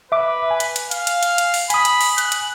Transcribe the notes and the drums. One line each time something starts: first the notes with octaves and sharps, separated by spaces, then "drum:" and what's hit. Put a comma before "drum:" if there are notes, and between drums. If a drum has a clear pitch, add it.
B4 E5 D6
G#5
drum: hi-hat
drum: hi-hat
F5, drum: hi-hat
drum: hi-hat
drum: hi-hat
drum: hi-hat
drum: open hi-hat
G#5 B5 D#6, drum: hi-hat
drum: hi-hat
drum: open hi-hat
F#6, drum: hi-hat
drum: hi-hat